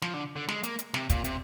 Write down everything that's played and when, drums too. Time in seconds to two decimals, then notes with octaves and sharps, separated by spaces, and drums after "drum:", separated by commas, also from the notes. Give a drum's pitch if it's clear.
0.02 F3, drum: snare
0.14 D3
0.36 D3
0.49 G#3, drum: snare
0.63 A#3, drum: hi-hat
0.79 drum: hi-hat
0.94 C3, drum: snare
1.09 A#2, drum: kick, hi-hat
1.24 C3, drum: hi-hat